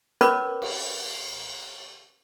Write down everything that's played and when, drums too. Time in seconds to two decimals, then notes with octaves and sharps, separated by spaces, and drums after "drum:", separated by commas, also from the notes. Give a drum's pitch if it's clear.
0.21 C#4 A#4 B4 C#5 B5 D6, drum: hi-hat
0.62 drum: cymbal